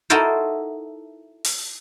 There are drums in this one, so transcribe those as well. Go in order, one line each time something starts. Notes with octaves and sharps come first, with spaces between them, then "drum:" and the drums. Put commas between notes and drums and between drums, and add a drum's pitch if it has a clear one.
D#4 E4 F#4 A4 A#4 C5
drum: open hi-hat